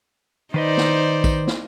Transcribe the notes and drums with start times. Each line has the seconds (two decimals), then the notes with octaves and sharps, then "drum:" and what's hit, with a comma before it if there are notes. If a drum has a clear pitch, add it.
0.54 D#3 D#4 B4 C5 D5 D#5
0.77 drum: snare
1.24 drum: kick A#1, tambourine
1.47 drum: snare